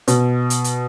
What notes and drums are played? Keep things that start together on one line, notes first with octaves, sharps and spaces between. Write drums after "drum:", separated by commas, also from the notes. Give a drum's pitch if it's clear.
B2, drum: hi-hat
drum: hi-hat
drum: hi-hat